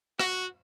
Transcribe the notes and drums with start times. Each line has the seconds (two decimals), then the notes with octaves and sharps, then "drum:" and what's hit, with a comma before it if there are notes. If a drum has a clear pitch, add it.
0.19 F#4, drum: rim click